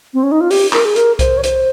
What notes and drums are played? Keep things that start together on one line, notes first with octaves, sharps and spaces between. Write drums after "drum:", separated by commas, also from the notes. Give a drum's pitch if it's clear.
C4
C#4
D#4
F4
G4, drum: open hi-hat
A#4, drum: clap
G#4
A#4, drum: hi-hat
C5, drum: kick C2, hi-hat
C#5
C5, drum: hi-hat